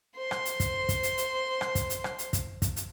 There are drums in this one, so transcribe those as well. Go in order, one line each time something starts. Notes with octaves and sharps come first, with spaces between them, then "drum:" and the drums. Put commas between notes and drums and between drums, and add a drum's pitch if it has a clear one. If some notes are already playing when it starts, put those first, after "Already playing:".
C5 C6
drum: rim click
drum: hi-hat
drum: kick, hi-hat
drum: kick, hi-hat
drum: hi-hat
drum: hi-hat
drum: rim click
drum: kick, hi-hat
drum: hi-hat
drum: rim click
drum: hi-hat
drum: kick, hi-hat
drum: kick, hi-hat
drum: hi-hat